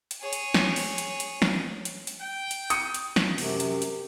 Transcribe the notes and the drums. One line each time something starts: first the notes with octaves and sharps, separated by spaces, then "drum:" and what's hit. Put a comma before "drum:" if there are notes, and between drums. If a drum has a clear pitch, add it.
drum: hi-hat
G#4 C#5
drum: hi-hat
drum: snare
drum: open hi-hat
drum: hi-hat
drum: hi-hat
drum: snare
drum: hi-hat
drum: hi-hat
G5
drum: hi-hat
D#6 C#7, drum: hi-hat
drum: hi-hat
drum: snare
F#2 C3, drum: open hi-hat
drum: hi-hat
drum: hi-hat